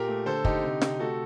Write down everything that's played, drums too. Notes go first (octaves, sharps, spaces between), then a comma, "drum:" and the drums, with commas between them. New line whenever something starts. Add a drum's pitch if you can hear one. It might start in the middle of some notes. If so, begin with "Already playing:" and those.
Already playing: A#2 G4 A#4
A3
D3 A4 C5
D3 D#4 G4, drum: kick
C3
C3, drum: snare
A3 F#4 A4